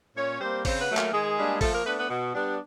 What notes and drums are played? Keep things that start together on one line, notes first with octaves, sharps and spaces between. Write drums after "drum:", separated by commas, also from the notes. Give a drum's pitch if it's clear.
A#2 C#4 C#5
G3 A#3 C4 C5
C#3 C4 C5, drum: kick, open hi-hat
B3 B4
F#3 A3
A#3 A#4, drum: clap
D#3 G#3 G#4
G3 A#3 D4
F3 A3 A4, drum: kick, open hi-hat
A#3 A#4
A3 B3 D4 B4
B3 B4
B2
G3 B3 D4